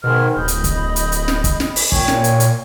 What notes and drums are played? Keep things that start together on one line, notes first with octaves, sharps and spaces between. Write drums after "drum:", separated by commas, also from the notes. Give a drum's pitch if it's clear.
G#2 B2 D#3 G#4 C6 F6
D1 D#5 B5 D#6 G6
drum: hi-hat
drum: kick F#1, hi-hat
drum: hi-hat
drum: hi-hat
drum: snare
drum: kick F#1, hi-hat
drum: snare
drum: open hi-hat
A#2 C#5 G5 G#5, drum: kick F#1
drum: snare
drum: hi-hat
drum: hi-hat